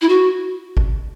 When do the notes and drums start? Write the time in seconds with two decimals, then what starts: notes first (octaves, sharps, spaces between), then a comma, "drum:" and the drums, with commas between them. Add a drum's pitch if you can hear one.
0.01 E4
0.08 F#4
0.77 drum: kick G#1